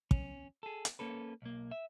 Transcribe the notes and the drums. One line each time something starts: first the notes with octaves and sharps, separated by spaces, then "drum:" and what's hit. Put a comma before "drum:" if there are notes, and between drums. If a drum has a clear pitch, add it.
C#4, drum: kick
G#4 A4
drum: hi-hat
A#3 C#4 A4 B4
B1 A#3
E5